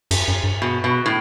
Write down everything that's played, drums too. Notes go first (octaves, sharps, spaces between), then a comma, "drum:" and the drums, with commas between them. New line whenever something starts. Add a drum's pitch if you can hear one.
F#2, drum: cymbal
F#2
G2
B2
B2
A2